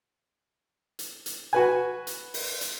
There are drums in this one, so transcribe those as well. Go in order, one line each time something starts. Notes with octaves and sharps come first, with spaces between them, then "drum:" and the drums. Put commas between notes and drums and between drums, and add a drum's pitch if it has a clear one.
drum: hi-hat
drum: hi-hat
F#4 B4 G#5
drum: hi-hat
drum: open hi-hat
drum: hi-hat